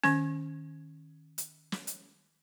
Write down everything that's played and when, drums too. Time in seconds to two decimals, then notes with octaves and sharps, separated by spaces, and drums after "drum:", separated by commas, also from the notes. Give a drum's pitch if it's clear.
0.04 D#3 C#4, drum: snare
1.38 drum: hi-hat
1.72 drum: snare
1.87 drum: hi-hat